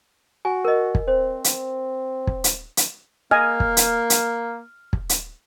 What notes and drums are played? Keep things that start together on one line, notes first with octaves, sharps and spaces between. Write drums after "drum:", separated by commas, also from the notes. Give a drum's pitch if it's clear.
F#4 G#5
A#4 D#5
drum: kick
C4 C5
drum: hi-hat
drum: kick
drum: hi-hat
drum: hi-hat
A#3 D#5 G#5 F6
drum: kick
drum: hi-hat
drum: hi-hat
drum: kick
drum: hi-hat